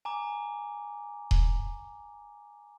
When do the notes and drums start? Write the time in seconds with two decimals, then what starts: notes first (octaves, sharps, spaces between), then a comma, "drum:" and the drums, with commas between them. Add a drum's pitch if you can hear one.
0.05 G#5 A#5 D6
1.31 drum: kick D#1